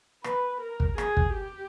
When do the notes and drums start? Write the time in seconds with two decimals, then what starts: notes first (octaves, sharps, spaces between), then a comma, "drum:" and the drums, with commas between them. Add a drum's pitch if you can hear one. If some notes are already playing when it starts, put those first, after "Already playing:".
0.24 B4, drum: rim click
0.61 A#4
0.80 drum: kick
0.98 G#4, drum: rim click
1.17 drum: kick
1.35 G4